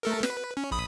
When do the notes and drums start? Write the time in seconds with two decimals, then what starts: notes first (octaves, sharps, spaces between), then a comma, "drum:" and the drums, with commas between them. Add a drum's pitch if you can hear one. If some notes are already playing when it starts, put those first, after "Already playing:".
0.03 A3 A4 A#4
0.23 B4, drum: snare
0.57 C#4
0.71 A#1 B5 D#6